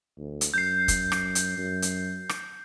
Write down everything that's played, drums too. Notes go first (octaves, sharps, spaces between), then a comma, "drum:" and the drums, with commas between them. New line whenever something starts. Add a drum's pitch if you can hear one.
D2
drum: hi-hat
F#2 G6 C7
drum: kick, hi-hat
drum: rim click
drum: hi-hat
F#2
drum: hi-hat
drum: rim click